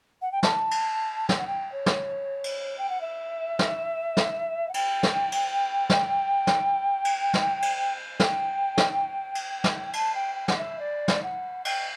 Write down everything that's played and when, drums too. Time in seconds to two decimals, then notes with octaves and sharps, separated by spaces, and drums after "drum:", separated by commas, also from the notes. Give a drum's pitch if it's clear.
0.22 F#5
0.32 G5
0.43 A5, drum: snare
0.71 drum: cymbal
1.29 G5, drum: snare
1.38 F#5
1.47 G5
1.72 C#5
1.86 drum: snare
2.44 drum: cymbal
2.78 G5
2.89 F#5
3.01 E5
3.59 drum: snare
4.17 drum: snare
4.69 F#5
4.74 G5, drum: cymbal
5.03 drum: snare
5.32 drum: cymbal
5.89 drum: snare
6.47 drum: snare
7.05 drum: cymbal
7.33 drum: snare
7.62 drum: cymbal
8.20 G5, drum: snare
8.77 drum: snare
9.35 drum: cymbal
9.64 drum: snare
9.93 A5, drum: cymbal
10.15 G5
10.35 G5
10.48 F#5, drum: snare
10.58 E5
10.79 D5
11.08 drum: snare
11.23 F#5
11.65 G5, drum: cymbal